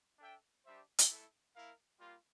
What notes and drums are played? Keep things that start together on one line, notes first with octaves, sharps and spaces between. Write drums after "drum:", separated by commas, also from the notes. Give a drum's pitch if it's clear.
D4 A4 E5 G5
G3 D4 G4 C5 E5
drum: hi-hat
A3 E4 A4 E5
A#3 E4 A#4 F5
G3 A#3 F4